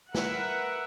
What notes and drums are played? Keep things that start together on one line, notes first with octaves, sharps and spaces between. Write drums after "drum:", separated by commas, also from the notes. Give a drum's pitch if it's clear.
A#4 B4 E5 F#5, drum: snare